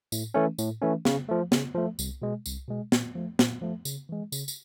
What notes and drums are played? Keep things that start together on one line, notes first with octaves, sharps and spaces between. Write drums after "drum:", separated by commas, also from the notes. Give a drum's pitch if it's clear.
A2, drum: tambourine
E3 A3 C#4
A2, drum: tambourine
E3 A3 C#4
C#3, drum: snare
F3 A3
C#3, drum: snare
F3 A3
C2, drum: tambourine
B2 G#3
C2, drum: tambourine
B2 G#3
A#2, drum: snare
F3 A3
A#2, drum: snare
F3 A3
C#3, drum: tambourine
E3 G#3
C#3, drum: tambourine
drum: tambourine